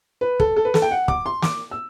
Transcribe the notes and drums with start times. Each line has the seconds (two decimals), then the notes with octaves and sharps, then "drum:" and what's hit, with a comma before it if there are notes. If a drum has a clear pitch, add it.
0.21 B4
0.40 A4, drum: kick
0.56 A4
0.65 B4
0.74 A4, drum: snare
0.82 G5
0.91 F#5
1.08 D6, drum: kick
1.26 C6
1.42 D6, drum: snare
1.71 E6